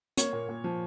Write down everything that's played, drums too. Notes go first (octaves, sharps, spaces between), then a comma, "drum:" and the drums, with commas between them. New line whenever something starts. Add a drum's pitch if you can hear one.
A#3 C#5, drum: hi-hat
A#2
A#2
F3